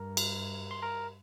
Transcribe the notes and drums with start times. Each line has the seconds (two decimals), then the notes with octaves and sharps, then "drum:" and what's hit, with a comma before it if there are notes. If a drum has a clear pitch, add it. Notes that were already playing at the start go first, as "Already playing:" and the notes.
Already playing: G2 A#4 A#5
0.17 drum: cymbal
0.71 C6
0.82 A#4 A#5